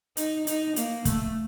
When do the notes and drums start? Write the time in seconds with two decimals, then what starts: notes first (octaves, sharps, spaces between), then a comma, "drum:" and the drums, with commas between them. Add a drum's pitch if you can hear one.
0.17 D#4, drum: hi-hat
0.47 D#4, drum: hi-hat
0.76 A#3, drum: hi-hat
1.05 A3, drum: kick, hi-hat